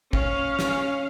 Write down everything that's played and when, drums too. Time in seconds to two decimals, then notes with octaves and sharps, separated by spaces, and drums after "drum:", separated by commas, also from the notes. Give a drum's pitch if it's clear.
0.13 C#4 F5, drum: kick
0.59 drum: snare